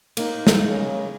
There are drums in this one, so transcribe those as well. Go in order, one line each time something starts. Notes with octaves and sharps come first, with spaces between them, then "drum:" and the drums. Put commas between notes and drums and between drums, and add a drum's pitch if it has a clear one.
A#3 D#4, drum: cymbal
drum: snare
C#3